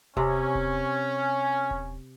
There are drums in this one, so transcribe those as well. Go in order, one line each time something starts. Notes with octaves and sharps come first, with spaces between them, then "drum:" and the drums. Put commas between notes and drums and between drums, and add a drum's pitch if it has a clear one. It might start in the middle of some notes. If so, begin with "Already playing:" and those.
C3 C#4, drum: kick D#1
drum: kick D#1
drum: kick D#1